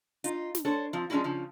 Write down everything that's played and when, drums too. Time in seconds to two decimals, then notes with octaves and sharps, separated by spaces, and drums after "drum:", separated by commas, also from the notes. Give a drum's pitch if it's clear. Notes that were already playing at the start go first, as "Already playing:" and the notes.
0.24 D#4 F4, drum: hi-hat
0.55 drum: snare
0.65 D4 A4 C5 C#5
0.93 F3 C4
1.10 F3 G#3 C#4 D4 E4 F#4
1.24 C#3 F3